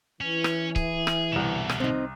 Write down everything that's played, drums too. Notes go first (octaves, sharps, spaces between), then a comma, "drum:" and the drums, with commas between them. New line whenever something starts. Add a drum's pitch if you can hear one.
E3 C#4
drum: rim click
G#4, drum: kick C#1
drum: rim click
C2 B2 D3 E7
drum: rim click
C4 D#4